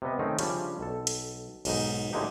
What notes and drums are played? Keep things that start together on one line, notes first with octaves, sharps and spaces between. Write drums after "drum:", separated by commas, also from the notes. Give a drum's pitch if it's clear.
C3 G3 B3 D#5
D#3 A3 C4 C#4 D#4
C#3 F3 G3 C#4 D4, drum: hi-hat
B1 A4
drum: hi-hat
B1 G#2 D#4, drum: cymbal
A2 D3 G#3 A#3 D#4 G4